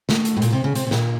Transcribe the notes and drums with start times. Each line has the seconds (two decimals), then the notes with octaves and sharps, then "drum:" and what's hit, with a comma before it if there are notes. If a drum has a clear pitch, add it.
0.09 A3, drum: snare
0.25 drum: hi-hat
0.37 A2
0.42 A#2, drum: hi-hat
0.52 C3
0.64 C#3
0.75 C3, drum: hi-hat
0.87 C3
0.91 A#2, drum: snare